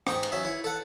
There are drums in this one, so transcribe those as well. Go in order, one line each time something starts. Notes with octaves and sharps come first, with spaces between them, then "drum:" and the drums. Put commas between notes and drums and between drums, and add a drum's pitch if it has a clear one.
G#2 D#4 G5 C#6, drum: rim click
drum: cymbal
F#3 C#4 E5
E4 C#5
A4 F#5